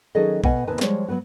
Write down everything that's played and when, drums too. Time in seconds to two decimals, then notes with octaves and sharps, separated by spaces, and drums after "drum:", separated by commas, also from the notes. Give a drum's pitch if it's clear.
0.15 D#3 F#3 C#4 G#4 A4 D#5
0.44 B2 D#5 F#5 G#5, drum: kick A#1
0.67 D#2 C3 D#4 B4 G#5 A5
0.81 F3 G3 G#3 C#5, drum: snare
1.08 F#3 G#3 B3 F#4